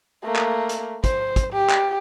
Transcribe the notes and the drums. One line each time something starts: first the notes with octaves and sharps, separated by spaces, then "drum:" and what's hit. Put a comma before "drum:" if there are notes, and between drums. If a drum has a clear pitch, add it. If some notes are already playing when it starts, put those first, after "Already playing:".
A3 A#3
drum: clap
drum: hi-hat
C5, drum: kick, hi-hat
drum: kick, hi-hat
G4
drum: clap